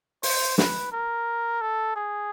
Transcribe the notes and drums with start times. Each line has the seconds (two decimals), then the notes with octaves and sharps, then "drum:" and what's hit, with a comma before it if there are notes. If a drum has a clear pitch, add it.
0.23 C5, drum: open hi-hat
0.58 B4, drum: snare
0.92 A#4
1.61 A4
1.96 G#4